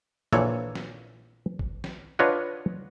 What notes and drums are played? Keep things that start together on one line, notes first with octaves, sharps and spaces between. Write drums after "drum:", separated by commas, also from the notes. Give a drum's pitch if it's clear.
A#1 A#2 E3 A4 C#5, drum: hi-hat
drum: snare
drum: kick
drum: snare
D4 F4 B4 C#5 D#5 F#5